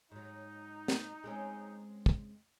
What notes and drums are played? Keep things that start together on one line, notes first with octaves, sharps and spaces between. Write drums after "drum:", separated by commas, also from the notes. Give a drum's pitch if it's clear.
G#2 F#3 D#4
drum: snare
G#3 C4 C#4
drum: kick